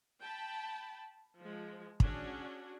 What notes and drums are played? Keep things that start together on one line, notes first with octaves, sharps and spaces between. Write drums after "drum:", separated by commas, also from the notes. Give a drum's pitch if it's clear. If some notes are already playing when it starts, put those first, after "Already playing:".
G5 A5 B5
F3 G#3
C#4 D4 F#4 G#4, drum: kick